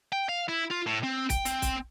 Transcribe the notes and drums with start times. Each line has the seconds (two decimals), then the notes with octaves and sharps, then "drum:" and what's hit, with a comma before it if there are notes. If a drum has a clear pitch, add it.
0.12 G5
0.29 F5
0.48 E4
0.70 F4
0.86 A2
1.03 C4
1.30 G5, drum: kick, hi-hat
1.45 C4, drum: hi-hat
1.62 drum: kick, hi-hat